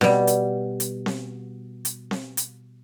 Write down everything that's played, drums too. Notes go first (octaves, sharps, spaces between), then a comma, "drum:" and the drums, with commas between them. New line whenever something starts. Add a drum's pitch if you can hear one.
B2 G3, drum: snare C4
drum: hi-hat
drum: hi-hat
drum: snare C4
drum: hi-hat
drum: snare C4
drum: hi-hat